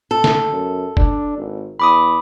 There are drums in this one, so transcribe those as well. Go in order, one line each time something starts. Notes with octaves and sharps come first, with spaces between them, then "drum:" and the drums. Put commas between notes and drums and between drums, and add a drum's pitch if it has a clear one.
A4
drum: snare
F#2
D4, drum: kick F#1
G#1
E2 B5 D6 D#6